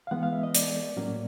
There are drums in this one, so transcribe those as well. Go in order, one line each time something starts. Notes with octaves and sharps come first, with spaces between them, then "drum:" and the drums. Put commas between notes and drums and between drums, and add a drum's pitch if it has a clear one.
F5
E3 G#3 B3 F#5
F5
E5
D#5
D5, drum: hi-hat
A2 F#3 A#3 C#4